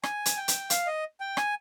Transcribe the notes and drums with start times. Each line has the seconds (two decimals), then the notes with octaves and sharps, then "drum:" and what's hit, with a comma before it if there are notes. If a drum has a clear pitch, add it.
0.03 G#5, drum: rim click
0.26 drum: hi-hat
0.37 G5
0.48 drum: hi-hat
0.70 F5, drum: hi-hat
0.87 D#5
1.20 G5
1.37 G#5, drum: rim click